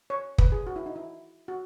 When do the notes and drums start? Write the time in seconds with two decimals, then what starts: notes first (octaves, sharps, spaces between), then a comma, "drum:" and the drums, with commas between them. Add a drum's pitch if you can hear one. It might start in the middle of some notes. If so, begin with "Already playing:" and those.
0.10 C#5
0.38 B4, drum: kick
0.52 G#4
0.67 F#4
0.76 E4
0.86 D#4
0.96 E4
1.48 F#4